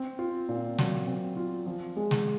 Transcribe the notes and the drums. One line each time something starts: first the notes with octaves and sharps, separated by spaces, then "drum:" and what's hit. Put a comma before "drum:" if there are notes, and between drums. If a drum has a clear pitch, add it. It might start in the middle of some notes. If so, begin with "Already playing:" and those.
Already playing: C4
F4
A#2
F#3, drum: snare
C4
F4
F3
G#3
drum: snare